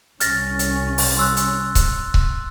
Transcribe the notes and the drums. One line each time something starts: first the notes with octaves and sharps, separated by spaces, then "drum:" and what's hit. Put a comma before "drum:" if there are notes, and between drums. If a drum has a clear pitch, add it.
C2 C#4 F6 A6 A#6, drum: hi-hat
drum: hi-hat
drum: open hi-hat
C6 E6 F#6
drum: hi-hat
drum: kick C#1, hi-hat
drum: kick C#1